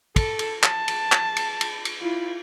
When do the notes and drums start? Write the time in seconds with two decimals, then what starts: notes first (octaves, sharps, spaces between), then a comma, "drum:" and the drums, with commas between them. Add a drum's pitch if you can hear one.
0.16 A4, drum: kick, cymbal
0.39 drum: cymbal
0.63 A5, drum: clap
0.88 drum: cymbal
1.12 drum: clap
1.36 drum: cymbal
1.61 drum: cymbal
1.85 drum: cymbal
2.01 E4 F4